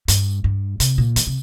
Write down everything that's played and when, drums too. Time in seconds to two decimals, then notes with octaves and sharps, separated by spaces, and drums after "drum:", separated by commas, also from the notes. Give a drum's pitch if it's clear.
0.08 G2, drum: hi-hat
0.44 G2
0.80 C3, drum: hi-hat
0.98 A#2
1.16 D#3, drum: hi-hat
1.27 C3